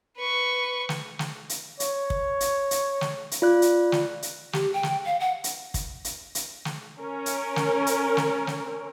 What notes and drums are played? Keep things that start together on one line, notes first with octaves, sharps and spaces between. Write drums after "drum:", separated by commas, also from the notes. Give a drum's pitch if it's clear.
B4 C#6
drum: snare
drum: snare
drum: hi-hat
C#5, drum: hi-hat
drum: kick
drum: hi-hat
drum: hi-hat
drum: snare
drum: hi-hat
F4 D5 F#6
drum: hi-hat
drum: snare
drum: hi-hat
G4, drum: snare
G5
drum: snare
F5
F#5
drum: hi-hat
drum: kick, hi-hat
drum: hi-hat
drum: hi-hat
drum: snare
C#4 A#4
drum: hi-hat
drum: snare
drum: hi-hat
drum: snare
drum: snare